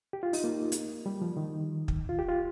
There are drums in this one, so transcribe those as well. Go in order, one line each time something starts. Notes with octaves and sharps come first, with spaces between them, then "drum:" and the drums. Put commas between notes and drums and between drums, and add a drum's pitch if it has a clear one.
G4
F4
D#4, drum: open hi-hat
A#3
drum: hi-hat
G3
F3
D#3
drum: kick
F4
G4
F4